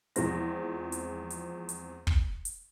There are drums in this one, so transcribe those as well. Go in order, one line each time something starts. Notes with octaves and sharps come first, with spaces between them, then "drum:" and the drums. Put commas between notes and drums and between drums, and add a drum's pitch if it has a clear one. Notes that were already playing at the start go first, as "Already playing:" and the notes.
E2 F3 G#3 C4 A#6, drum: hi-hat
drum: hi-hat
drum: hi-hat
drum: hi-hat
drum: kick
drum: hi-hat